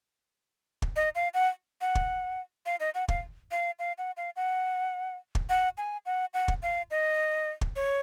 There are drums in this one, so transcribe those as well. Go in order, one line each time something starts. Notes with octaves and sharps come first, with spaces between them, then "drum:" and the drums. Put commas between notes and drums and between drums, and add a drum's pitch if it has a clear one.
drum: kick
D#5
F5
F#5
F#5
drum: kick
F5
D#5
F#5
F5, drum: kick
F5
F5
F#5
F5
F#5
drum: kick
F#5
G#5
F#5
F#5
drum: kick
F5
D#5
drum: kick
C#5